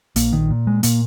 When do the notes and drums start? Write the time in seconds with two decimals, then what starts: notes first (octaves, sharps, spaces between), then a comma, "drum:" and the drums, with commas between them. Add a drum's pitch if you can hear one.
0.16 A#1 A#3, drum: hi-hat
0.33 D#3
0.50 A#2
0.67 G#3
0.83 A#2 A#3, drum: hi-hat